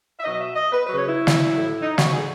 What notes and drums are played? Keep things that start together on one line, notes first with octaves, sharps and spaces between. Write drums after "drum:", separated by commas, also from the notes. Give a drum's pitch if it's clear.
E5
B2 F#3 D#5
E5
D#5
B4
C#3 F#3 B4
C#5
E4
drum: snare
A2 F#3
D#4
F#4, drum: snare
A2 E3 G#4